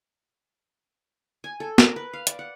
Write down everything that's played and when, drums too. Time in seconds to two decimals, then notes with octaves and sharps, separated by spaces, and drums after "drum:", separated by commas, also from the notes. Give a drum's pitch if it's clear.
1.44 G#5
1.60 A4
1.78 A#4, drum: snare
1.96 B4
2.13 F5
2.27 D5, drum: hi-hat
2.39 F#5